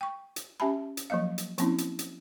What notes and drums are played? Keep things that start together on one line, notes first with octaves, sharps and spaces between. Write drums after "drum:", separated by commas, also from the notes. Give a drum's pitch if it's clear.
G5 C#6
drum: hi-hat
C#4 G4 E5 G#5 A5 B5
drum: hi-hat
F3 F#3 A#3 D#5 F5
drum: hi-hat
F3 A#3 C4 C#4 E4, drum: hi-hat
drum: hi-hat
drum: hi-hat